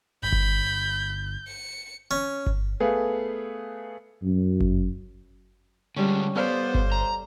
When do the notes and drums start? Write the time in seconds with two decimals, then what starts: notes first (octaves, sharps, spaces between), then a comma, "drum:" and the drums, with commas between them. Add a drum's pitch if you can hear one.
0.23 G1 B5 G6
0.32 drum: kick G1
1.47 C#7
2.11 C#4
2.46 drum: kick G1
2.80 A3 B3 G#4 B4 F5
4.22 F#2
4.61 drum: kick G1
5.97 D3 G3 G#3 C#4
6.36 B3 A4 C5 D5 F5
6.75 drum: kick G1
6.92 A#5